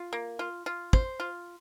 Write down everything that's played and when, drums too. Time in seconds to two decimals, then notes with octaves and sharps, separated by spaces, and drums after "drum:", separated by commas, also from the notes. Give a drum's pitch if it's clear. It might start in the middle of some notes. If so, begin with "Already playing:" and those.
Already playing: F4
0.13 A#3
0.39 F4
0.66 F4
0.93 C5, drum: kick
1.20 F4